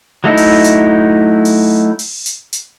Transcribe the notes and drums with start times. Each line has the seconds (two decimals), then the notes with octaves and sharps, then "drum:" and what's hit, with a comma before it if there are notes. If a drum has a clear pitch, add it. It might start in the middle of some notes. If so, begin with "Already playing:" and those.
0.24 F#3 A3 D#4 E4
0.37 drum: open hi-hat
0.64 drum: hi-hat
1.45 drum: open hi-hat
1.99 drum: open hi-hat
2.26 drum: hi-hat
2.53 drum: hi-hat